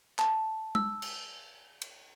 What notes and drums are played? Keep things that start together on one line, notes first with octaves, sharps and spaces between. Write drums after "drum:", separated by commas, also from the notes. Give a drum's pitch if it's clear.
A5, drum: clap
E6, drum: tom G#3
drum: cymbal
drum: cymbal